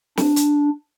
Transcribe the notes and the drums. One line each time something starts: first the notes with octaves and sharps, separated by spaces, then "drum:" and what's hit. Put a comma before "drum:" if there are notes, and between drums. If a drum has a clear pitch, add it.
D4, drum: snare
drum: hi-hat